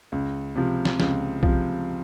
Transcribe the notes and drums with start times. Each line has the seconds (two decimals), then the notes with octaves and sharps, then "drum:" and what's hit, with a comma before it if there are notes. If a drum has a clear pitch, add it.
0.12 C#2
0.56 C3 F3
0.85 drum: snare
1.00 C#2, drum: snare
1.43 C3 F3, drum: kick B1